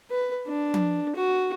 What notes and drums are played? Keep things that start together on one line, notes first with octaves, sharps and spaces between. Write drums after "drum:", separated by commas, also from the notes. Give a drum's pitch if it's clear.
B4
D4
drum: tom F3
F#4